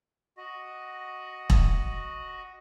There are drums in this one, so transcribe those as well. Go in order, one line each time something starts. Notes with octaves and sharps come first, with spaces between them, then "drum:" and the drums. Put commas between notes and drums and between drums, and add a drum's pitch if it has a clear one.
F#4 D#5
drum: kick E1